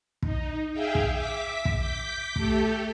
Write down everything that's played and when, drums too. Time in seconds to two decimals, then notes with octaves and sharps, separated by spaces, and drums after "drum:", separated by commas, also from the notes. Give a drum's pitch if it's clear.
0.23 D#4, drum: kick
0.72 G#4 E5 F5 G5
0.95 drum: kick
1.11 E5 D6 B6
1.65 drum: kick
1.77 D6 G6 B6
2.36 A3 G4 A4, drum: kick